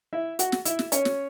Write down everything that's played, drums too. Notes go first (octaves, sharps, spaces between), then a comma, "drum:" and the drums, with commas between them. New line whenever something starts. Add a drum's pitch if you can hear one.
E4 E5
F#4 F#5, drum: hi-hat
drum: snare
E4 E5, drum: hi-hat
drum: snare
C#4 C#5, drum: hi-hat
drum: snare